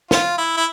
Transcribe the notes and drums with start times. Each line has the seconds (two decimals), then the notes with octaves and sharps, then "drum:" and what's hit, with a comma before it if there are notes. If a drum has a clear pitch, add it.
0.11 F4, drum: snare
0.38 E4
0.57 E4